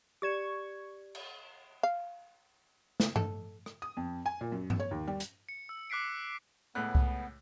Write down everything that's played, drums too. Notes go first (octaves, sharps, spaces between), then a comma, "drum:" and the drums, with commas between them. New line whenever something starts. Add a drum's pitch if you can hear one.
G4 D5 C#6 G#6 E7
drum: cymbal
F5
drum: snare
A4, drum: tom G2
drum: rim click
D#6
F2
G#5
A#2
F#2
drum: tom G2
C#5
D#2
G3
drum: hi-hat
C#7
E6
D6 F#6 B6 C7 D7
C#2 A2 B3 F#6
drum: kick C2